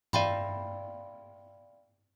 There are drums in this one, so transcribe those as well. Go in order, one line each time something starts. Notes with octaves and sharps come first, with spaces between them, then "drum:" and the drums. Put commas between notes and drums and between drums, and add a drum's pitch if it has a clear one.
D5 E5 F5 G5 B5 C6, drum: tom G2